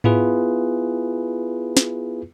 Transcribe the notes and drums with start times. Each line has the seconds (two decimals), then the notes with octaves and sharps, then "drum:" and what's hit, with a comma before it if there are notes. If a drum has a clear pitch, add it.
0.04 B3 E4 F4 G#4 B4, drum: tom G#2
1.77 drum: snare